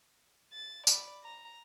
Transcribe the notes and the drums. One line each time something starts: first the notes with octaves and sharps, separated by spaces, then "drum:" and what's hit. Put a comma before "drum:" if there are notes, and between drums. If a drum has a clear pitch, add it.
A6
D5 B5, drum: tambourine
A#5